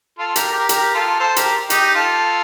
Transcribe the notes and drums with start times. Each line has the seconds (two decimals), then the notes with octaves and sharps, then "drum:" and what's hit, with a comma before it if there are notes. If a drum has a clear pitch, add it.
0.18 F4 A4
0.36 G4 A#4, drum: hi-hat
0.52 G4 A#4
0.69 G4 A#4, drum: hi-hat
0.95 F4 A4
1.20 A4 C5
1.36 G4 A#4, drum: hi-hat
1.70 D#4 G4, drum: hi-hat
1.95 F4 A4